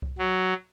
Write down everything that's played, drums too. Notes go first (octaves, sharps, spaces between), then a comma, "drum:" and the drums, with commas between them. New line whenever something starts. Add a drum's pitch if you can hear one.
drum: kick C2
F#3